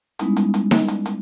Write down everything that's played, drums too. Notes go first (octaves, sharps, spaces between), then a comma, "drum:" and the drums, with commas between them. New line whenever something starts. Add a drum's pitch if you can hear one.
G3 G#3 B3 C#4 D#4 E4, drum: hi-hat
drum: hi-hat
drum: hi-hat
drum: snare D#4
drum: hi-hat
drum: hi-hat